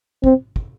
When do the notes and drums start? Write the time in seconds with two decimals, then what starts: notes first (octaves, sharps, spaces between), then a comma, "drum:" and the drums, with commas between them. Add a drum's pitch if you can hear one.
0.24 C4, drum: kick
0.56 drum: kick